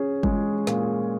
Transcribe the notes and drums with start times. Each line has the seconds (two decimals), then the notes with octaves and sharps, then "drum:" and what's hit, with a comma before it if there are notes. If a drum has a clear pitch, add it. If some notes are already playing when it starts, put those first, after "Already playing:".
Already playing: C#4 G#4
0.23 G#3, drum: kick
0.67 A#2, drum: snare